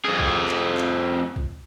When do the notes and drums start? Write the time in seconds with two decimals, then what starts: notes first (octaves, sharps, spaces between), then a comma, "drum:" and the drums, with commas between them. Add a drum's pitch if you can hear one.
0.05 F2 G#4
0.19 drum: kick
0.48 drum: clap
0.78 drum: clap
1.36 drum: kick